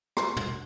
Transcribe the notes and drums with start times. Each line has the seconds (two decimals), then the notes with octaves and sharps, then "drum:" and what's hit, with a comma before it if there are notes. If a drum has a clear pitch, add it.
0.17 C6, drum: rim click
0.37 drum: tom